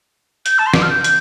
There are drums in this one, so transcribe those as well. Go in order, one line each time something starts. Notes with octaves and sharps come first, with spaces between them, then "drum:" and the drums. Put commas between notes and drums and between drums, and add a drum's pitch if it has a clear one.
G6, drum: hi-hat
A5
C6
D6, drum: snare
F6
G6
drum: hi-hat